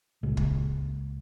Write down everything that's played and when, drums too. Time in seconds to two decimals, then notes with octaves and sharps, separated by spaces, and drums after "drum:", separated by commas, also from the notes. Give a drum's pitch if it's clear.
0.23 C#2 A#2 C#3 G#3
0.37 drum: kick